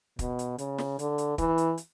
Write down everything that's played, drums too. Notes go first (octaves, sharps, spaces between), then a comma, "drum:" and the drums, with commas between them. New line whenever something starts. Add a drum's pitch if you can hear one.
B2, drum: kick, hi-hat
drum: hi-hat
C#3, drum: hi-hat
drum: snare
D3, drum: hi-hat
drum: hi-hat
E3, drum: kick, hi-hat
drum: hi-hat
drum: hi-hat